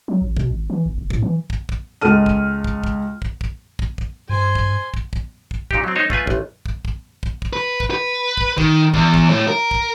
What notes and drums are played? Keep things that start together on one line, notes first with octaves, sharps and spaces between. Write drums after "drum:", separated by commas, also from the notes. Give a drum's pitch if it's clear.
F#3
A1
B2, drum: kick
G#1
E3
G1
F#1
A2, drum: kick
E3
drum: kick
drum: kick
C#2 G#3 A4 F6 D#7
drum: kick
drum: kick
drum: kick
drum: kick
drum: kick
drum: kick
drum: kick
G2 C5 G#5
drum: kick
drum: kick
drum: kick
drum: kick
A#2 D#4 G4, drum: kick
F#3 C4
D#4 C5 C#5 D#5
A3 F4 B4 G#5, drum: kick
A1, drum: kick
drum: kick
drum: kick
drum: kick
drum: kick
B4
drum: kick
B4
drum: kick
D#3, drum: kick
E2, drum: kick
drum: kick
A2
A#4
drum: kick